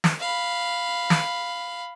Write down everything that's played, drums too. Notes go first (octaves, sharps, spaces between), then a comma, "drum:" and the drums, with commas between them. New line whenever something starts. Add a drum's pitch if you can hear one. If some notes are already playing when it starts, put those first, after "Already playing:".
drum: snare
F5 B5
drum: snare